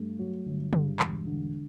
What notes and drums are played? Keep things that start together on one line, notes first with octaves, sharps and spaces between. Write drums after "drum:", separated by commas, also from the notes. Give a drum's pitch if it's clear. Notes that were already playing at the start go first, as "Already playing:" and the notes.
Already playing: G2 A3
F#3
G1
G2, drum: tom C#3
E1, drum: clap
D3